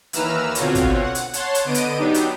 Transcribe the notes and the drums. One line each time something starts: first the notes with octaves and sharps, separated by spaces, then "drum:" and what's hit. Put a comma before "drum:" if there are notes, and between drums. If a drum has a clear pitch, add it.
D#2 E3 B4 A#5 E6 F6, drum: hi-hat
B2 D3 C4 F4 F#4 C#5, drum: hi-hat
drum: kick, hi-hat
F#5
drum: hi-hat
C#5 F#5 A5 C6, drum: hi-hat
drum: hi-hat
D3 B3 D#5 D7 D#7
drum: hi-hat
F#3 B3 D4 D#4 G4
drum: hi-hat